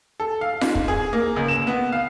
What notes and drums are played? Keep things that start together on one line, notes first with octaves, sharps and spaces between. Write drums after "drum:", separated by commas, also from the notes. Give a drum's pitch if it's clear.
A4
F5
G#2, drum: snare F4
drum: kick
G#4
A#3
C#2
E7
B3
F5